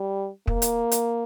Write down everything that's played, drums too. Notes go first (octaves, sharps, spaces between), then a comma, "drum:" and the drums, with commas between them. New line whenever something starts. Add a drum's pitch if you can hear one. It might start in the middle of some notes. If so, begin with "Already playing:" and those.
Already playing: G3
A#3, drum: kick
drum: hi-hat
drum: hi-hat